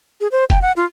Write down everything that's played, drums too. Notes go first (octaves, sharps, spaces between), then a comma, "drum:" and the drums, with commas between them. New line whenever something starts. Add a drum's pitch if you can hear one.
G#4
C5
G5, drum: kick F1, hi-hat
F#5
F4